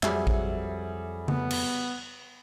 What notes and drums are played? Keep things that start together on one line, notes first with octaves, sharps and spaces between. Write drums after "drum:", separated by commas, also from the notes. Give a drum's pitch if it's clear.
F2 F#3 G3 G#4 E5, drum: clap
drum: kick A1
B3, drum: tom C#3
drum: cymbal